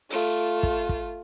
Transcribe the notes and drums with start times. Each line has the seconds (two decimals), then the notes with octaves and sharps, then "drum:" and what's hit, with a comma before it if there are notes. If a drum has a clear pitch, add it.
0.10 A3 F4, drum: open hi-hat
0.63 drum: kick
0.89 drum: kick